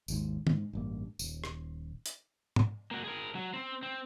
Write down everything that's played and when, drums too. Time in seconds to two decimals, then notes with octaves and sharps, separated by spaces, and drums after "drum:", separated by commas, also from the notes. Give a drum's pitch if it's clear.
0.08 G#1 D#2 G#2, drum: tambourine
0.47 G#2, drum: tom
0.73 A1 G2 A#3
1.19 D#1, drum: tambourine
1.44 drum: rim click
2.06 drum: hi-hat
2.56 drum: tom
2.91 A#3 F#4
3.04 G#4 A#4
3.35 F#3
3.53 C4
3.83 C4